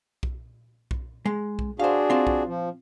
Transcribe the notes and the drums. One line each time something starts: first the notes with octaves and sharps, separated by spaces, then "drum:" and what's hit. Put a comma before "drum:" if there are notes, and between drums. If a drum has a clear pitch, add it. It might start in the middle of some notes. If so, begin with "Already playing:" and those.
drum: kick B1
drum: kick B1
G#3
drum: kick B1
D4 F#4 G#4 C5 F5
C4 F4
drum: kick B1
F3